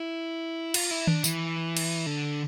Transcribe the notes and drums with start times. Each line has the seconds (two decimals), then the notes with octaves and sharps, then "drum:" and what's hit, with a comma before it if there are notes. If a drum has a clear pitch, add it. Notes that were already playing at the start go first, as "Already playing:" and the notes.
Already playing: E4
0.74 F4, drum: cymbal
0.91 E4
1.07 D4, drum: tom D#3
1.24 E3, drum: tambourine
1.77 drum: cymbal
2.06 D3